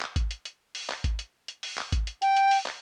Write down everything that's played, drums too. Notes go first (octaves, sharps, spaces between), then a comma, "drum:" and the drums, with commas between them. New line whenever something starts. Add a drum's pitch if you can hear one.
drum: clap
drum: kick G#1, hi-hat
drum: hi-hat
drum: hi-hat
drum: open hi-hat
drum: clap
drum: kick G#1, hi-hat
drum: hi-hat
drum: hi-hat
drum: open hi-hat
drum: clap
drum: kick G#1, hi-hat
drum: hi-hat
G5, drum: hi-hat
drum: hi-hat
drum: open hi-hat
drum: clap